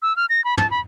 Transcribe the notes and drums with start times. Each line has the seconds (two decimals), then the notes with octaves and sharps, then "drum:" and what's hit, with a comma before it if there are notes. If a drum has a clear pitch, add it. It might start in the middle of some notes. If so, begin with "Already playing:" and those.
0.02 E6
0.17 F6
0.29 A#6
0.44 B5
0.57 A5, drum: tom
0.71 B5